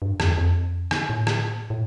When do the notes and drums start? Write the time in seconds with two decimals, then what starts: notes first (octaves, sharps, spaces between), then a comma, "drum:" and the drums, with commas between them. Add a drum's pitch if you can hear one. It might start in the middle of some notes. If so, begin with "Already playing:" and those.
0.02 G2
0.20 F2, drum: rim click
0.37 F2
0.91 drum: rim click
1.09 A2
1.27 drum: rim click
1.70 A2